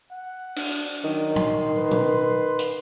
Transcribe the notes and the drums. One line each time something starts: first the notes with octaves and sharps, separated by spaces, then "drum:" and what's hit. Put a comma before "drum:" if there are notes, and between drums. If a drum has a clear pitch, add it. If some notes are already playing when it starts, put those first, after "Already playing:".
F#5
D4, drum: cymbal
D#3 F#3
C6, drum: tom A2
B4
drum: tom A#2
drum: hi-hat